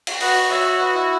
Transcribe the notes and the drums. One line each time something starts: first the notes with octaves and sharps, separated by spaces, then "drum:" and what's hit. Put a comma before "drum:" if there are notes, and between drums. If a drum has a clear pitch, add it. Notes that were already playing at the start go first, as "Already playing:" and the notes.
drum: cymbal
F#4 B4 D#5, drum: open hi-hat
F#4 C#5 E5
C#5
B4 D#5
E4